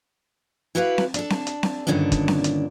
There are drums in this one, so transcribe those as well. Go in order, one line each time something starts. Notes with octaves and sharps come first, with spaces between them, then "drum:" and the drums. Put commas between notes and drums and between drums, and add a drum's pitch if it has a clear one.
E4 F#4 G4 B4 D5 F5
drum: snare C4
D4 A4, drum: hi-hat
drum: snare C4
drum: hi-hat
drum: snare C4
G2 A#2 D3 D#3 C#4 D4
drum: kick, hi-hat
drum: snare C4
drum: hi-hat